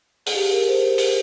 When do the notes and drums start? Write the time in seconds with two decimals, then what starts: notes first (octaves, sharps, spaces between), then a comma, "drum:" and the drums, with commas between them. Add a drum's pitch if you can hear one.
0.26 G#4, drum: open hi-hat
0.35 G4
0.51 A#4
0.67 C5
0.98 drum: open hi-hat